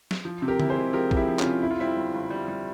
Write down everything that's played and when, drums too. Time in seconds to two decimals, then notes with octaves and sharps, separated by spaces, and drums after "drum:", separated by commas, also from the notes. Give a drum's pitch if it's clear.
0.11 drum: snare
0.25 F3
0.42 C3
0.48 G4 A#4
0.60 E4, drum: tom D3
0.70 G#4 C5
0.76 G#3
0.93 F3 G4 A#4
1.11 F3, drum: kick A#1
1.17 E4 G4
1.27 F3
1.39 C#4 F4, drum: clap
1.45 C3
1.62 F2 E4
1.71 F4
1.79 G3 C4 E4
1.97 G1
2.14 G1
2.30 G3
2.48 G3